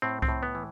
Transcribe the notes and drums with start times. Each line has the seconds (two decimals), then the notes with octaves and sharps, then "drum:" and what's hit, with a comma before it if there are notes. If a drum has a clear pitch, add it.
0.02 A2 C4
0.22 C4, drum: kick C2
0.28 A2
0.43 B3
0.55 E3